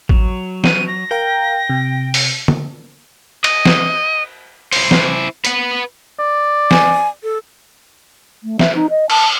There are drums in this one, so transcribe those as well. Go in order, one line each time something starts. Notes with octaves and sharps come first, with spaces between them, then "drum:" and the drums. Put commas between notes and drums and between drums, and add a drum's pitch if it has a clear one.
F#3, drum: kick A1
D#7, drum: snare
A#6
A#4 F5 G5 A#5
C3
drum: open hi-hat
drum: tom
D#5, drum: cymbal
drum: snare
E4 C5, drum: open hi-hat
drum: snare
B4 F#5, drum: hi-hat
D5
G#5, drum: snare
A4
A3
E5, drum: snare
D#4
D#5
A5, drum: cymbal